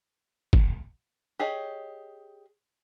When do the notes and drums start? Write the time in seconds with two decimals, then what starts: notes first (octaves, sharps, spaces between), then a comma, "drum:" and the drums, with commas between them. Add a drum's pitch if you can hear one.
0.53 drum: kick
1.39 G4 G#4 C#5 D#5